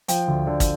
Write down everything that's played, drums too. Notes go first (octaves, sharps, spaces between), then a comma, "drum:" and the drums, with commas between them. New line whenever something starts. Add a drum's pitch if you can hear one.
F3 G5, drum: hi-hat
D2
D3
drum: kick, hi-hat